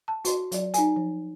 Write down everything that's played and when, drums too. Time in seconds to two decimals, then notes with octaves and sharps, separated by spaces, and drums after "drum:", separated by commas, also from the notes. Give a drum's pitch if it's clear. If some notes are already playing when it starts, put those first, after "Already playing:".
0.08 A5
0.25 F#4 C6, drum: hi-hat
0.52 F#3 D5, drum: hi-hat
0.74 D#4 G#5, drum: hi-hat
0.96 F3